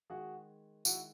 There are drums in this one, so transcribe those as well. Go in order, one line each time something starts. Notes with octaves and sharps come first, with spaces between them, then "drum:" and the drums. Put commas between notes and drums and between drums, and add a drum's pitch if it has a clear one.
D#3 G#3 F#4 G#4
D#3 G#3 E4 F#4, drum: tambourine